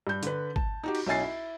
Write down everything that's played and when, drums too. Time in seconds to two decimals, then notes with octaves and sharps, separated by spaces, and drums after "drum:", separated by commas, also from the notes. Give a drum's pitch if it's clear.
0.07 G2 G6
0.23 D3 B4, drum: hi-hat
0.56 A5, drum: kick
0.83 D#4 F#4 G4
0.95 drum: cymbal
1.07 B1 C#4 E4 G#5 A6 C7
1.23 E4